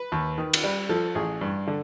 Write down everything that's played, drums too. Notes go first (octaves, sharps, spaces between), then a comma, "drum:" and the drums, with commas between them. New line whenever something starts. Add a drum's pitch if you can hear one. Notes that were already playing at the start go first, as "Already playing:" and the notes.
Already playing: B4
D#2
D#3
drum: cymbal
G3
F3 A4
A1 G#4
G2
D3